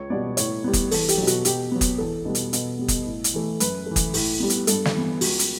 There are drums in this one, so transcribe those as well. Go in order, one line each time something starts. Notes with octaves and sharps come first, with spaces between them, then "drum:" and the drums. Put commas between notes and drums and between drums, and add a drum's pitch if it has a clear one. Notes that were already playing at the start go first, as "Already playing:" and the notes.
Already playing: C#2 C#5
B2 G3 B3 D5
A2 C#5, drum: hi-hat
G3 B3
drum: kick F#1, hi-hat
E2 A4, drum: open hi-hat
G4, drum: hi-hat
B2 F#3
F#4, drum: hi-hat
B2 G4, drum: hi-hat
F#3 B3
drum: kick F#1, hi-hat
E2 A4
B2 G3 B3
drum: hi-hat
B2, drum: hi-hat
G3 B3
drum: kick F#1, hi-hat
A2
drum: hi-hat
E3 A3
F#2 B4, drum: hi-hat
E3 A3
drum: kick F#1, hi-hat
A2, drum: open hi-hat
G3 B3
drum: hi-hat
G2 A4, drum: hi-hat
drum: snare
E3 B3
C#2 F#4, drum: open hi-hat
drum: hi-hat